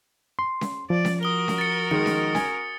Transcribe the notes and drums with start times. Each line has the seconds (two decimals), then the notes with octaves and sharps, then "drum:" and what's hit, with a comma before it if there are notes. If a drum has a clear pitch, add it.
0.39 C6
0.61 drum: snare C#4
0.90 F3 D5
1.05 drum: snare C#4
1.23 F#4 A#4 D#6 G7
1.48 drum: snare C#4
1.58 A6 C#7
1.91 D#3 G#3 C#7
2.06 drum: snare C#4
2.35 G#5, drum: snare C#4